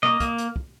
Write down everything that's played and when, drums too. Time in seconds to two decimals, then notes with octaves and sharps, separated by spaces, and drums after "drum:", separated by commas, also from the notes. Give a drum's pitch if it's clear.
0.03 A#3 D#5, drum: tom B2
0.20 A#3, drum: kick, hi-hat
0.38 drum: hi-hat
0.56 drum: kick